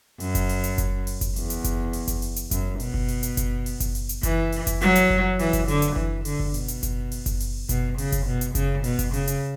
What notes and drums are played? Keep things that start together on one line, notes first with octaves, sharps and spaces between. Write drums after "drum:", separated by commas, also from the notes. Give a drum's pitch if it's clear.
F#2, drum: open hi-hat
drum: kick F#1, hi-hat
drum: open hi-hat
drum: hi-hat
drum: kick F#1, hi-hat
drum: open hi-hat
drum: kick F#1, hi-hat
E2, drum: open hi-hat
drum: hi-hat
drum: kick F#1, hi-hat
drum: open hi-hat
drum: kick F#1, hi-hat
drum: open hi-hat
drum: hi-hat
F#2, drum: kick F#1, hi-hat
B2, drum: open hi-hat
drum: kick F#1
drum: open hi-hat
drum: hi-hat
drum: kick F#1, hi-hat
drum: open hi-hat
drum: kick F#1, hi-hat
drum: open hi-hat
drum: hi-hat
E3, drum: kick F#1, hi-hat
drum: open hi-hat
drum: kick F#1, hi-hat
F#3, drum: open hi-hat
drum: hi-hat
drum: kick F#1
E3, drum: open hi-hat
drum: kick F#1, hi-hat
D3, drum: open hi-hat
drum: hi-hat
E3, drum: kick F#1
D3, drum: open hi-hat
drum: kick F#1
B2, drum: open hi-hat
drum: hi-hat
drum: kick F#1, hi-hat
drum: open hi-hat
drum: kick F#1, hi-hat
drum: open hi-hat
B2, drum: kick F#1, hi-hat
C#3, drum: open hi-hat
drum: kick F#1, hi-hat
B2
drum: hi-hat
C#3, drum: kick F#1, hi-hat
B2, drum: open hi-hat
drum: kick F#1, hi-hat
C#3, drum: open hi-hat
drum: hi-hat